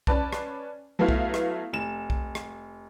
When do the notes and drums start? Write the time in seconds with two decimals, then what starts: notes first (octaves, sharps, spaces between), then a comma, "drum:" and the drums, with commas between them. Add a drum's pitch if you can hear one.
0.07 C#4 B4 D5 A5, drum: kick B1
0.33 drum: rim click
0.99 F#3 A3 B3 E4 F5
1.09 drum: kick B1
1.34 drum: rim click
1.73 F1 E7
2.10 drum: kick B1
2.35 drum: rim click